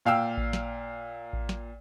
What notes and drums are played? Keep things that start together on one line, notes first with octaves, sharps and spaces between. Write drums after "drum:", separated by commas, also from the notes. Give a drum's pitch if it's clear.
A#2 F5 G5 E6
drum: kick A1
drum: snare
drum: kick A1
drum: snare